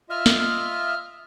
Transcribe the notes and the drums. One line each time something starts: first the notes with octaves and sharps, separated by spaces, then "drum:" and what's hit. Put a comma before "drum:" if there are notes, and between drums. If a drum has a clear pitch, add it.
F4 D#5 E5 F6
drum: snare